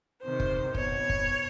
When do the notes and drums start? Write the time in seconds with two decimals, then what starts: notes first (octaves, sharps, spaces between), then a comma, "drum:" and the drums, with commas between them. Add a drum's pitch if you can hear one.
0.22 C3 D#3 C5
0.40 drum: kick
0.74 B2 C#5, drum: kick
1.09 drum: kick